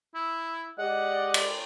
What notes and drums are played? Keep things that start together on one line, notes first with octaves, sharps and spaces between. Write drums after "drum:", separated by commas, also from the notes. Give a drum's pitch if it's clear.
E4
G#3 G4 D5 D#5 F#5
drum: cymbal